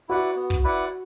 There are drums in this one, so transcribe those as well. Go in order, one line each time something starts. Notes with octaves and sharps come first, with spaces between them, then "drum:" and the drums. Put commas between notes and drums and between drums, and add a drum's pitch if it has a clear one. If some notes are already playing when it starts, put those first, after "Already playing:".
E4 F#4 B4 D5 F#5
B3
drum: kick
E4 B4 D5 F#5